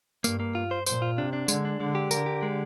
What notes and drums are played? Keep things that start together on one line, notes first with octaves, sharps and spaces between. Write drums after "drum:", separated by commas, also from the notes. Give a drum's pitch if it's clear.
G2 A#3, drum: tambourine
A#3
F4
C5
A#2 C5, drum: tambourine
F4
C3 D4
D4
D3 G#3, drum: tambourine
D4
D3 G#3
G4
D3 A#4, drum: tambourine
G4
G#3